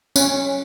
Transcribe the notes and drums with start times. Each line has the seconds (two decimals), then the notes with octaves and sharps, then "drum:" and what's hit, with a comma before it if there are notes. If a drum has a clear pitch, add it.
0.16 C#4, drum: tambourine